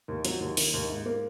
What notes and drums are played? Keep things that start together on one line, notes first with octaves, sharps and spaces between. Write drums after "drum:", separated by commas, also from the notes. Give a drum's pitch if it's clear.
D#2
F#3, drum: hi-hat
D#2
D#3, drum: open hi-hat
D#2
G#2
A#3